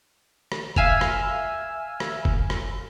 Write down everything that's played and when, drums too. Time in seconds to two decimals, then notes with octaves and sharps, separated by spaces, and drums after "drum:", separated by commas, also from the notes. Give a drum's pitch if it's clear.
0.52 drum: rim click
0.76 E5 F5 G#5 E6 F6, drum: kick F#1
1.01 drum: rim click
2.00 drum: rim click
2.25 drum: kick F#1
2.50 drum: rim click